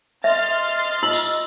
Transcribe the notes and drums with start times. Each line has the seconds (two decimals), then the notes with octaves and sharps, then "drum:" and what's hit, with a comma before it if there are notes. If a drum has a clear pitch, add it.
0.24 D#5 E5 C6 F6 A6
1.03 F4 E6 F#7
1.13 drum: tambourine